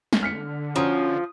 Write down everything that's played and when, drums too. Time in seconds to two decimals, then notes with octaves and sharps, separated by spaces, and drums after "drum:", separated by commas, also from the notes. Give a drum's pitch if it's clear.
0.13 drum: snare
0.23 D3 F6 B6 C#7
0.76 F3 C#4 F#4 A#5 D#6